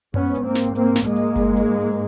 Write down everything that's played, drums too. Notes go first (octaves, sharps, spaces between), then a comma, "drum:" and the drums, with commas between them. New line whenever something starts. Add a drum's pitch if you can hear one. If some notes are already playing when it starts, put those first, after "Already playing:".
G#2 B3 C#4, drum: tom F#2
drum: hi-hat
A#3 C4
drum: snare
A#3 C4, drum: hi-hat
drum: snare
G#3 A#3
drum: hi-hat
G#2, drum: kick G1, hi-hat
drum: hi-hat